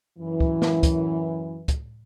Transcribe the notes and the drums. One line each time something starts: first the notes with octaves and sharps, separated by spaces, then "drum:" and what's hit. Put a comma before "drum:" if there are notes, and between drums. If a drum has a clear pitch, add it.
F#2 E3
drum: kick
drum: snare
drum: kick, hi-hat
drum: kick, hi-hat